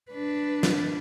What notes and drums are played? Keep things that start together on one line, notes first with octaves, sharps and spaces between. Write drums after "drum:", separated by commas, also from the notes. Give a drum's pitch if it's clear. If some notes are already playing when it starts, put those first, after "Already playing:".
D4 B4
drum: snare